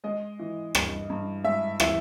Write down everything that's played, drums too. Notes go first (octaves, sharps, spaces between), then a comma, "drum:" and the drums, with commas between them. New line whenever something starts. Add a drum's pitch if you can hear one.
G#3 D#5
E3
G2, drum: rim click
G2
G#3 E5
E3 E5, drum: rim click